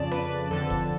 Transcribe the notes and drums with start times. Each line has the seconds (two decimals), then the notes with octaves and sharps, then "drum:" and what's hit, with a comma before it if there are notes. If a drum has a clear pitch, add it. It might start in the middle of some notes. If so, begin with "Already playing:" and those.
Already playing: F2 C#3 D5 A5
0.12 B4, drum: snare
0.51 F2 D3 A4
0.70 drum: kick E1